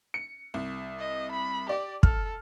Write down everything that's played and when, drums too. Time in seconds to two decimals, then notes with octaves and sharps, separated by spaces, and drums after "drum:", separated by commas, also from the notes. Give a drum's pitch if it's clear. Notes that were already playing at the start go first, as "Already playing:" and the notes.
0.14 C#7
0.54 C2
0.99 D#5
1.31 B5
1.69 G4 D5
2.03 A4 F6, drum: kick